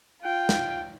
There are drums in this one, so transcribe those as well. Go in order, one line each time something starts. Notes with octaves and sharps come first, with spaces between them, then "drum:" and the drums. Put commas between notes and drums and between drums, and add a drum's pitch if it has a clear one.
F4 G5
drum: snare